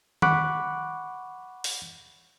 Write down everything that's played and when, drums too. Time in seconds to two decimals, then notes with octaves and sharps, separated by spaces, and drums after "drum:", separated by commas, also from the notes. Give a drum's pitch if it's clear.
0.22 F#5 B5 C#6 D6 F#6, drum: tom D#3
1.64 drum: open hi-hat